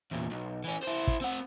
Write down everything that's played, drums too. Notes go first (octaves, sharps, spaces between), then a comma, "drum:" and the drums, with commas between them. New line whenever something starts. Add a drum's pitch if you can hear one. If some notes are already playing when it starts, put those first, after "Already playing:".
E2 A#2
B1
E3 C#4
E4 C5, drum: hi-hat
drum: kick
C4 F#5
drum: hi-hat